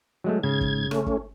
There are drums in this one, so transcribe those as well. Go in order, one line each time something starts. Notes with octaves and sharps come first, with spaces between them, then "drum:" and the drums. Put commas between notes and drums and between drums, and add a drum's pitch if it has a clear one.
F#3 G#3 A3
G#2 C#3 G#6
drum: kick
A3 C#4, drum: rim click
drum: kick